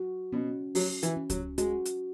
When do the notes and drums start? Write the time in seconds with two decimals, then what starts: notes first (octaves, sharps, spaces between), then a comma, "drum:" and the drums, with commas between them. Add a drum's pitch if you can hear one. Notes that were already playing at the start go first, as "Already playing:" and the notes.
Already playing: F#4
0.33 B2 C#4
0.75 F#3 F#4, drum: open hi-hat
1.03 E3, drum: hi-hat
1.17 C#4
1.30 F#3, drum: kick C#2, hi-hat
1.58 G#3 F#4, drum: hi-hat
1.86 drum: hi-hat